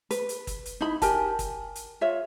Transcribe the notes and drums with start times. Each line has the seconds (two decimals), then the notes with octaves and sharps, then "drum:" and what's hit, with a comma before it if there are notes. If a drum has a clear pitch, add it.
0.11 B4, drum: hi-hat
0.29 drum: hi-hat
0.47 drum: kick, hi-hat
0.66 drum: hi-hat
0.81 D#4 E4 B5
1.02 G4 A#4 G#5 A5, drum: kick, hi-hat
1.39 drum: kick, hi-hat
1.75 drum: hi-hat
2.01 F4 C#5 E5